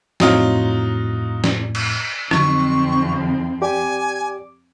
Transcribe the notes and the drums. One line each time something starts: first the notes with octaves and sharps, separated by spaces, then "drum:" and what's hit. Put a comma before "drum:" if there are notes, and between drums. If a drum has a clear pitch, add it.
F2 A2 F#3 D#4 F4, drum: snare
drum: snare
drum: cymbal
F2 D3 F#3 C4 D#4 C#6, drum: rim click
G4 D5 G#5 D6